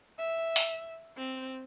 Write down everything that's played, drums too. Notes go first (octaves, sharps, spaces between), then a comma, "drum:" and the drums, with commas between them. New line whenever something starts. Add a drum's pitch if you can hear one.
E5
drum: open hi-hat
C4